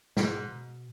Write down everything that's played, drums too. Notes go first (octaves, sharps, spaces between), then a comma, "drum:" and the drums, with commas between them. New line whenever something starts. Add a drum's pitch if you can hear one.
G#2 B2, drum: snare
B2